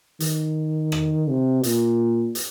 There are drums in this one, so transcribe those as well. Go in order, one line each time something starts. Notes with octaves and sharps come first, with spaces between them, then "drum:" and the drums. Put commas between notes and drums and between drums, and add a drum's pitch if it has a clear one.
D#3, drum: hi-hat
drum: rim click
C3
A#2, drum: hi-hat
drum: hi-hat